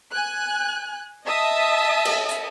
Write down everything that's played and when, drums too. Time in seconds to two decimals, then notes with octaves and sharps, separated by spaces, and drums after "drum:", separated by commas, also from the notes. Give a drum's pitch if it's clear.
0.12 G#5 F#6
1.25 D#5 E5 A5 D#6
2.05 drum: cymbal
2.29 drum: hi-hat